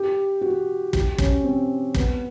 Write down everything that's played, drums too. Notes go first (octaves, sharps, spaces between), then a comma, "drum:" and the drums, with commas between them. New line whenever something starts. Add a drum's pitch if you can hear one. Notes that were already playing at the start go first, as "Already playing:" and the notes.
Already playing: G4
F#4
G4, drum: kick
C#4, drum: kick
C4
B3, drum: kick